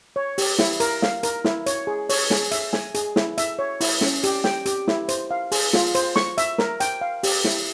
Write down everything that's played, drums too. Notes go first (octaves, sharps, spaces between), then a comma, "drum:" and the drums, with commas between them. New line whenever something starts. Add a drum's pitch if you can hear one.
C#5
G4, drum: open hi-hat
E4, drum: snare
A#4, drum: hi-hat
F5, drum: snare
A#4, drum: hi-hat
E4, drum: snare
C#5, drum: hi-hat
G#4
C#5, drum: open hi-hat
G#4, drum: snare
E5, drum: hi-hat
G#5, drum: snare
G#4, drum: hi-hat
E4, drum: snare
E5, drum: hi-hat
C#5
E4, drum: open hi-hat
C#4, drum: snare
G4, drum: hi-hat
G5, drum: snare
G4, drum: hi-hat
E4, drum: snare
C5, drum: hi-hat
F5
G#4, drum: open hi-hat
F4, drum: snare
C5, drum: hi-hat
C#6, drum: snare
E5, drum: hi-hat
A#4, drum: snare
G5, drum: hi-hat
F5
G4, drum: open hi-hat
E4, drum: snare